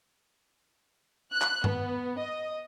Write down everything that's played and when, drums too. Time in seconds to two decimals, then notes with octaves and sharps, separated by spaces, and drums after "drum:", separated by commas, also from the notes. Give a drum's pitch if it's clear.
1.32 F#6
1.41 drum: clap
1.64 B3, drum: tom G2
2.19 D#5